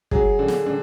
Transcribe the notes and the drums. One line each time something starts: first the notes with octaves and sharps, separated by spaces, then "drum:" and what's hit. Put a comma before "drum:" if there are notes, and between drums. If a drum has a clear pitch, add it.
F#3 G#4, drum: kick
D3
drum: snare
D3